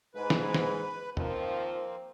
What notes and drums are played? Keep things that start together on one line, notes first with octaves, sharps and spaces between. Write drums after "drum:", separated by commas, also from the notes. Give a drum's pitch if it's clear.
G#2 B4
drum: snare
drum: snare
D#3 F3 A#3 C4, drum: tom